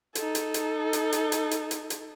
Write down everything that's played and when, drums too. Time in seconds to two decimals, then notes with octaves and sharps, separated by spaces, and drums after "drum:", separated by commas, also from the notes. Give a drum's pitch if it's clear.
0.15 D#4 A4, drum: hi-hat
0.35 drum: hi-hat
0.54 drum: hi-hat
0.93 drum: hi-hat
1.12 drum: hi-hat
1.32 drum: hi-hat
1.51 drum: hi-hat
1.71 drum: hi-hat
1.90 drum: hi-hat